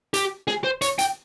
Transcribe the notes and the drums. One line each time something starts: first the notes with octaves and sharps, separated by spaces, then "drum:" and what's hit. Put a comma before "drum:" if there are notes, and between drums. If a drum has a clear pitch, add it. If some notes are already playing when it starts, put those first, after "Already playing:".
G4, drum: hi-hat
G#4, drum: snare
C5
C#5, drum: hi-hat
G5, drum: hi-hat